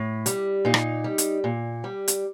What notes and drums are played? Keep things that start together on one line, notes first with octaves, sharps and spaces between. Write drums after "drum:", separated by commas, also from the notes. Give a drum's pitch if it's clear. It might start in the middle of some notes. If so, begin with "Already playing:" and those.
Already playing: A2
G3, drum: hi-hat
A#2 D#4
drum: rim click
G3
drum: hi-hat
A#2
G3
drum: hi-hat